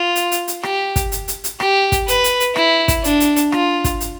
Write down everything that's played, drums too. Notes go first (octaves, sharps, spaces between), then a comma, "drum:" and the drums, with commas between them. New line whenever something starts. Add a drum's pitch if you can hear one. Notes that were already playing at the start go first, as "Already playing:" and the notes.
Already playing: F4
drum: hi-hat
drum: hi-hat
drum: hi-hat
G4, drum: rim click
drum: kick, hi-hat
drum: hi-hat
drum: hi-hat
drum: hi-hat
G4, drum: rim click
drum: kick, hi-hat
B4, drum: hi-hat
drum: hi-hat
drum: hi-hat
E4, drum: rim click
drum: kick, hi-hat
D4, drum: hi-hat
drum: hi-hat
drum: hi-hat
F4, drum: rim click
drum: kick, hi-hat
drum: hi-hat